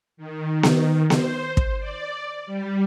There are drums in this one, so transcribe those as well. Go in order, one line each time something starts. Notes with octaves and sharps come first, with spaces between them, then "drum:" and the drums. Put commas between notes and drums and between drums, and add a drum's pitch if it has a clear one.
D#3
drum: snare B3
C5, drum: snare B3
drum: kick
D5
G3